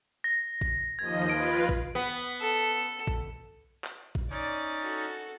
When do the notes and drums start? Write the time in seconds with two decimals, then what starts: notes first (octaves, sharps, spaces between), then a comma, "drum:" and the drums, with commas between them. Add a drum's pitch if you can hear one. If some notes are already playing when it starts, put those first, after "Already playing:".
0.24 A#6
0.61 drum: kick A1
0.99 D#2 F3 D#5 G#6
1.30 F4 B4 D7
1.69 drum: kick A1
1.95 B3
2.41 A4
3.07 drum: kick A1
3.84 drum: clap
4.15 drum: kick A1
4.30 C#4 D#4 D5 A6
4.82 F#4 A4